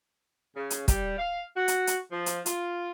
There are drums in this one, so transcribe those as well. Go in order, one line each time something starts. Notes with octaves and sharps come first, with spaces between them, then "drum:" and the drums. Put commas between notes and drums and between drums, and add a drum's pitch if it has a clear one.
C#3
drum: hi-hat
G3, drum: kick, hi-hat
F5
F#4
drum: hi-hat
drum: hi-hat
F3
drum: hi-hat
F4, drum: hi-hat